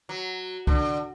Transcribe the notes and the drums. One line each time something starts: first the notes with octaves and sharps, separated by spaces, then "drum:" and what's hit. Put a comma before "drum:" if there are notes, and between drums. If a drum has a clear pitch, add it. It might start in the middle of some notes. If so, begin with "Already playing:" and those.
F#3
D3, drum: kick C2